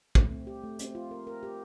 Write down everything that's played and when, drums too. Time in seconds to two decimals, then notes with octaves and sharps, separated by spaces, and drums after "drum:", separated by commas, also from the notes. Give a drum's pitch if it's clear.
0.15 A3, drum: kick
0.31 C4
0.47 G4
0.63 A3
0.79 C4, drum: hi-hat
0.95 F4
1.11 A#4
1.27 A#4
1.43 G4